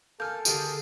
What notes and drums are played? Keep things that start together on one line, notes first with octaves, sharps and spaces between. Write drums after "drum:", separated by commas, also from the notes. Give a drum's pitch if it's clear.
A#3 A4 G#5 F6 G6
D3 D#3 G3 G#4, drum: tambourine